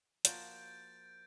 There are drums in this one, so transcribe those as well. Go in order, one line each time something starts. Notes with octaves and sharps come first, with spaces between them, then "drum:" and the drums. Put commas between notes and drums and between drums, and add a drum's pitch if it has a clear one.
F3 A#3 F#4 G6 A6 D7, drum: hi-hat